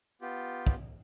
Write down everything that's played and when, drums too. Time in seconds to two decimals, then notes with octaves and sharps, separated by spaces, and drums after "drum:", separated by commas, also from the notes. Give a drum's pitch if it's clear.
0.22 B3 F4 G4
0.67 drum: kick